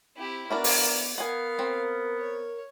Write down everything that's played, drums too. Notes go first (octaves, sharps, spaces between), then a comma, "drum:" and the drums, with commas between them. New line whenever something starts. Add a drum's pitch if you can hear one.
C4 E4 G4
B3 D4 E4 F#4 A#4 D5
drum: open hi-hat
B3 A#4 F5 F#5 G#5
C4
C#5